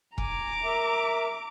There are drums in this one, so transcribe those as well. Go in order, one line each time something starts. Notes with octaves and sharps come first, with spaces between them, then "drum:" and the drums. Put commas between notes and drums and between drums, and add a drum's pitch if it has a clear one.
G#5 A#5 D6, drum: kick E1
A#4 E5